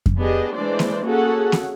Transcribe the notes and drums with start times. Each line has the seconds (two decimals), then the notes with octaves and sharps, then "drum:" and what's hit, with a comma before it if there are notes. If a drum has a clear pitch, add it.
0.06 drum: kick F2
0.19 B3 D4 G4 G#4 D#5
0.55 E3 G#3 A3 D4 C5 D5
0.79 drum: snare A#3
1.04 A#3 C#4 F#4 G#4 A4 F#5
1.52 drum: snare A#3